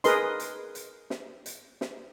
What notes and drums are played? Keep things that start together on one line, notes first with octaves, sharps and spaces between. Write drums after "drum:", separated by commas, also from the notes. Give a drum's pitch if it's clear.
G#4 A#4 B4 D#5 C6, drum: hi-hat
drum: hi-hat
drum: hi-hat
drum: snare
drum: hi-hat
drum: snare